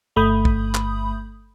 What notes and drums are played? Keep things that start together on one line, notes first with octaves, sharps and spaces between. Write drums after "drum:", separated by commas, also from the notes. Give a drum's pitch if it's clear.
G1 A3 B5 D#6 G6
drum: kick
drum: clap